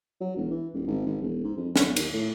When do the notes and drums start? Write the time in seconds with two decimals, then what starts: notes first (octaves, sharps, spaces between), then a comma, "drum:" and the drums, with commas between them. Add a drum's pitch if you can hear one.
0.21 F#3
0.37 E1
0.51 E3
0.74 D#1
0.87 G#1
1.07 G#1
1.22 E1
1.45 G#2
1.57 F2
1.76 B1, drum: snare
1.96 D#2, drum: cymbal
2.13 A2